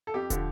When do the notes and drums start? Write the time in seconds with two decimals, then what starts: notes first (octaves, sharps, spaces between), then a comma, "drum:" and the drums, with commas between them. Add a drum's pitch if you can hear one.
0.07 A4
0.14 F2 G4
0.30 D3 F3, drum: kick, hi-hat